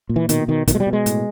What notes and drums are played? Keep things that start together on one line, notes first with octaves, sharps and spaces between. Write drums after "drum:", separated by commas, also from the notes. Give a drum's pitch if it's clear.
A#2
E3
B2 D#3, drum: hi-hat
B2 D#3
B2 D#3, drum: kick, hi-hat
G#3
G3
B2
G#3
A2, drum: hi-hat